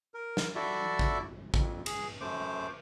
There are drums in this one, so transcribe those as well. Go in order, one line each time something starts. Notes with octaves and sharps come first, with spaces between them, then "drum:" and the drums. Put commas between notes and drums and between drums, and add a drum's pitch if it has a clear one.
A#4
drum: snare
E4 F#4 A4 D5 E5
drum: kick
F2, drum: kick
G#4, drum: cymbal
F#2 A3 C5 D6